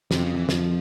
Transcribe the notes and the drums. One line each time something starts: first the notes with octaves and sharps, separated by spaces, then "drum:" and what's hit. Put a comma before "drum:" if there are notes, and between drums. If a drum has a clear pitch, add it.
F2 C3, drum: snare
C#3
E3
F2 F3, drum: snare